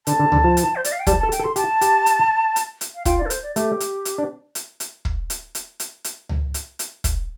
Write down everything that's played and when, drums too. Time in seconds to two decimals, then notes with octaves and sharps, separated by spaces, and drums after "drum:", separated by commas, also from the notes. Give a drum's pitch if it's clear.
0.07 D3 A5, drum: hi-hat
0.19 D3
0.32 D3, drum: tom C#2
0.44 F3
0.57 drum: hi-hat
0.76 C5
0.84 D5, drum: hi-hat
0.92 F5
1.00 G5
1.07 G3 A5, drum: kick, hi-hat
1.19 A5
1.23 A4
1.32 G5, drum: hi-hat
1.40 A4
1.44 C6
1.56 G4 A5, drum: hi-hat
1.81 G4, drum: hi-hat
2.06 drum: hi-hat
2.56 drum: hi-hat
2.81 drum: hi-hat
2.95 F5
3.05 F4 G5, drum: kick, hi-hat
3.18 D5
3.26 A4
3.30 C5, drum: hi-hat
3.43 D5
3.56 A3 G4, drum: hi-hat
3.80 drum: hi-hat
4.05 drum: hi-hat
4.18 D4
4.55 drum: hi-hat
4.80 drum: hi-hat
5.05 drum: kick
5.30 drum: hi-hat
5.55 drum: hi-hat
5.80 drum: hi-hat
6.04 drum: hi-hat
6.29 drum: tom C#2
6.54 drum: hi-hat
6.79 drum: hi-hat
7.04 drum: kick, hi-hat